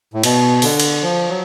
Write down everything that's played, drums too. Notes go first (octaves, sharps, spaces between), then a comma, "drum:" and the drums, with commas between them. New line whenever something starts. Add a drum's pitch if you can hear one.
A2
B2, drum: cymbal
D3, drum: open hi-hat
drum: cymbal
F3
F#3